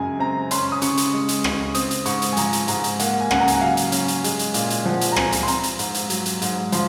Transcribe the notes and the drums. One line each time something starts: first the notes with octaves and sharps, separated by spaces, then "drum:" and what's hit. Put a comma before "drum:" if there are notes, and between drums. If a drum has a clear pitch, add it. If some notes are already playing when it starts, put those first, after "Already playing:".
Already playing: F#2 C#3 G#3 G#5 A#5
C4 A#5
C#4 C6, drum: hi-hat
D#6
C#3 C#6, drum: hi-hat
drum: hi-hat
G#3
drum: hi-hat
C#3, drum: rim click
C4 D#6, drum: hi-hat
drum: hi-hat
G#2 C#6, drum: hi-hat
drum: hi-hat
G#5
F3 A#5, drum: hi-hat
drum: hi-hat
G#2 A#5, drum: hi-hat
drum: hi-hat
A#3 F#5, drum: hi-hat
G#5
C#3 F#5, drum: rim click
A#5
G#5, drum: hi-hat
F#5
F#3 F5
drum: hi-hat
C#4, drum: hi-hat
drum: hi-hat
G#3, drum: hi-hat
drum: hi-hat
A#2, drum: hi-hat
drum: hi-hat
F3 F#5
drum: hi-hat
A#5
C4 G#5, drum: rim click
drum: hi-hat
C6
C4 A#5, drum: hi-hat
drum: hi-hat
G#2, drum: hi-hat
drum: hi-hat
F#3, drum: hi-hat
drum: hi-hat
G#2, drum: hi-hat
F3 C6, drum: hi-hat